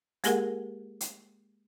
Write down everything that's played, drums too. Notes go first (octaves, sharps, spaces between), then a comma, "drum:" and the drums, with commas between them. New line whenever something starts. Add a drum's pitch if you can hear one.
G#3 A#3 G4 G#4 A#4 F#5, drum: hi-hat
drum: hi-hat